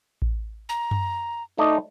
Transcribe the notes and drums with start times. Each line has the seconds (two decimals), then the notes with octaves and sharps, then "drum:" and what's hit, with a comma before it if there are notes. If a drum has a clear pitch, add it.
0.22 drum: kick A1
0.69 A#5
0.91 drum: tom F#2
1.58 A3 D#4 D5 D#5